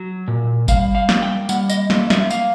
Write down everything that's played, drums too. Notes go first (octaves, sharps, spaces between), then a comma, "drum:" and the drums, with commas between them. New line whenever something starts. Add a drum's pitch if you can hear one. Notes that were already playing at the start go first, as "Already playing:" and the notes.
Already playing: F#3
A#2
G3 F5, drum: kick G1, tambourine
F5
A#3, drum: snare
G5
G3 F#5, drum: tambourine
D#5, drum: tambourine
A#3 D#5, drum: snare
E5, drum: snare
F5, drum: tambourine